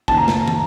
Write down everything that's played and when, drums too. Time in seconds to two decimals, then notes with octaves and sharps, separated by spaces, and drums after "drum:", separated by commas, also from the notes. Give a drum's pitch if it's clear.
0.08 F#1 D#3 A5, drum: kick
0.17 A#5
0.28 drum: snare
0.48 drum: tom